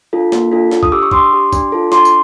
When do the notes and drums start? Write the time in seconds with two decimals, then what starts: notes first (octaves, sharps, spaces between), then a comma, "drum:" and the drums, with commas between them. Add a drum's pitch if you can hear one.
0.13 D4 F4 A4
0.32 A#3, drum: snare
0.52 D4 F4 A4
0.72 D4, drum: snare
0.83 D#6, drum: kick A1
0.92 G4 D6 E6
1.02 C#6 D#6
1.11 D4 C6 D6, drum: kick A1
1.33 G4
1.53 D4, drum: kick A1, tambourine
1.72 F4 A4
1.92 D4 C6 D6, drum: snare
2.05 drum: tambourine